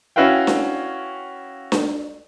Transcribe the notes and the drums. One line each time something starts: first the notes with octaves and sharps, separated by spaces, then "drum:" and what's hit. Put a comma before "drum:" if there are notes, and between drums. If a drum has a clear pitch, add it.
C#4 E4 F#4 B4 F5 G5
drum: snare D4
drum: snare D4